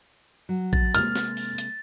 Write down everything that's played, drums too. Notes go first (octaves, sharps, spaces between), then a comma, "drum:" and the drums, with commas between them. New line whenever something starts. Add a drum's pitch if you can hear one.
F#3
A6, drum: kick A1
C3 G#3 A#3 F6, drum: hi-hat
drum: snare
drum: open hi-hat
drum: hi-hat